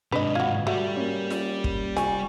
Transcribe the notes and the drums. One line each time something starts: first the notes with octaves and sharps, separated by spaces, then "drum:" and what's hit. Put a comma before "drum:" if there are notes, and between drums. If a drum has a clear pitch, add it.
G#2 C3 D4 B4 D#5
F4 F#4 G#6
G3 A3 F#4 D5
A#3 C#4
drum: snare F4
drum: kick
C2 G#5 C#6, drum: snare F4